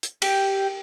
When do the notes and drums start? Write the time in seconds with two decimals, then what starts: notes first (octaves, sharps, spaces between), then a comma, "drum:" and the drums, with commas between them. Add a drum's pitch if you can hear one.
0.03 drum: hi-hat
0.22 G4, drum: cymbal